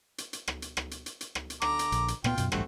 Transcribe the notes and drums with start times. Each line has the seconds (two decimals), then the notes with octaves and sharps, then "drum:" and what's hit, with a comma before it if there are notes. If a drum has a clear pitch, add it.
0.18 drum: hi-hat
0.33 drum: hi-hat
0.48 drum: rim click
0.62 drum: hi-hat
0.77 drum: rim click
0.91 drum: hi-hat
1.06 drum: hi-hat
1.21 drum: hi-hat
1.35 drum: rim click
1.50 drum: hi-hat
1.62 D3 A#5 D6, drum: rim click
1.79 drum: hi-hat
1.92 A#1, drum: hi-hat
2.08 drum: hi-hat
2.24 A#2 B3 F4 G5, drum: rim click
2.37 F#2 B2, drum: hi-hat
2.52 A1 G2 A3 C4 F#4, drum: rim click